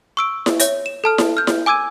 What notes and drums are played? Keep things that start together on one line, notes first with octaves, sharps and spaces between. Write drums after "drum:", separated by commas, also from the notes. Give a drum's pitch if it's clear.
C#6 E6 D7
drum: snare E4
C#5 E5, drum: hi-hat
E7
A4 A5 F6
drum: snare E4
F6 G6
drum: snare E4
G#5 D6 E6 G#6 D#7